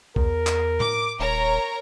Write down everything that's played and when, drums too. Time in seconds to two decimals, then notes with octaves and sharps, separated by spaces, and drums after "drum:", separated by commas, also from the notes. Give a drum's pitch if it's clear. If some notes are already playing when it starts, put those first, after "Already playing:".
0.16 E2 A#4, drum: kick B1
0.47 drum: clap
0.80 D6, drum: tom A2
1.20 D#1 A#4 C#5 A#5